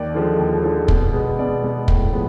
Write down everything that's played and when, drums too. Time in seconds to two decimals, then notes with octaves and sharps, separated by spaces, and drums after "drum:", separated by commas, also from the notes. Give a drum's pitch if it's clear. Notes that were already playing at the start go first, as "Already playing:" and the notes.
Already playing: D#2 D5
0.14 D3 F3 G#3
0.39 D#2
0.64 D3 F3 G#3
0.88 B2, drum: kick
1.14 G#3 B3
1.39 B2 D5
1.63 G#3 B3
1.88 A2, drum: kick
2.13 F3 G#3 B3